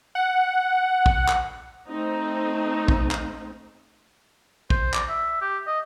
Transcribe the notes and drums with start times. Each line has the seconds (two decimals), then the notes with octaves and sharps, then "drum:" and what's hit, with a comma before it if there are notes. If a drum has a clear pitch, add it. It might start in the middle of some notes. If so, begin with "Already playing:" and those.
0.15 F#5
1.06 drum: kick
1.29 drum: clap
1.88 A3 C4 D#4
2.88 drum: kick
3.11 drum: clap
4.70 C5, drum: kick
4.94 D5, drum: clap
5.09 E5
5.42 G4
5.67 D#5